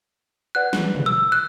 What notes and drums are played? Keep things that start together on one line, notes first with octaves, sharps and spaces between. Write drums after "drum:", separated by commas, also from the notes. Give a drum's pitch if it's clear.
B4 D5 F#5 F#6
drum: snare
drum: tom
E6
F#6